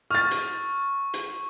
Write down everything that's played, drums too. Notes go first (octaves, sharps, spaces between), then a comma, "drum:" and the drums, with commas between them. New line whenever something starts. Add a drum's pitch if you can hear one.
C#6 F6 A6
drum: hi-hat
drum: hi-hat